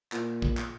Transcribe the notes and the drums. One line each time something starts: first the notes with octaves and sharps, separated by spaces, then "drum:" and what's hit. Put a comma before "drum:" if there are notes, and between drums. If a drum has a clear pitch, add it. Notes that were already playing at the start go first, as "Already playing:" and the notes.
A#2, drum: clap
drum: kick
drum: clap